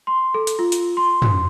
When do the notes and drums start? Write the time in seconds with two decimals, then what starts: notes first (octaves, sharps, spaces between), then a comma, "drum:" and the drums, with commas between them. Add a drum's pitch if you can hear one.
0.07 C6
0.34 A4
0.47 drum: hi-hat
0.59 F4
0.72 drum: hi-hat
0.97 C6
1.22 drum: tom